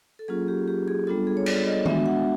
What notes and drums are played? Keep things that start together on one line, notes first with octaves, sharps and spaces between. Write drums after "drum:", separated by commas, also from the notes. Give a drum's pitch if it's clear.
A4
F#3 A#3 C#4 F4 G#4
G4
G4
G#4
G3 B3 D4 F4 A4
G#4
C#5
D5, drum: cymbal
D#5
G#3 B3 D4 F#4 E5, drum: tom D#3
F#5